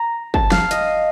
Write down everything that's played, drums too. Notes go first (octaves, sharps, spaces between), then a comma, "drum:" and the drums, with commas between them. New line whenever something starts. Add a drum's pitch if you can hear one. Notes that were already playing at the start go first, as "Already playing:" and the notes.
Already playing: A#5
A5, drum: kick
F5, drum: snare
D#5, drum: hi-hat